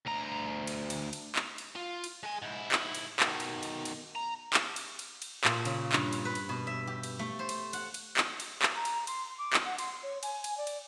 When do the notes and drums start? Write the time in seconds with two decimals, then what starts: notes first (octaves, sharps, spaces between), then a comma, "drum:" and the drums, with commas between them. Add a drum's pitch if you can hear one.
0.06 D2 A#5
0.67 drum: cymbal
0.90 drum: cymbal
1.13 drum: cymbal
1.36 drum: clap
1.58 drum: cymbal
1.76 F4
2.04 drum: cymbal
2.23 G#3 G#5
2.42 G#2 E4
2.72 drum: clap
2.95 drum: cymbal
3.20 B2 D#3, drum: clap
3.40 drum: cymbal
3.63 drum: cymbal
3.85 drum: cymbal
4.16 A#5
4.54 drum: clap
4.76 drum: cymbal
4.99 drum: cymbal
5.22 drum: cymbal
5.44 A#2, drum: clap
5.65 C#3, drum: cymbal
5.92 G2, drum: clap
6.13 drum: cymbal
6.25 B4
6.35 drum: cymbal
6.49 B2
6.67 E5
6.87 G4
7.03 drum: cymbal
7.19 A3
7.39 C5
7.49 drum: cymbal
7.73 F#5, drum: cymbal
7.94 drum: cymbal
8.17 drum: clap
8.40 drum: cymbal
8.62 drum: clap
8.75 A#5
8.85 drum: cymbal
9.07 C6, drum: cymbal
9.38 D6
9.53 drum: clap
9.65 F#5
9.78 C6, drum: cymbal
10.03 C#5
10.23 G#5, drum: cymbal
10.44 drum: cymbal
10.57 D5
10.67 drum: cymbal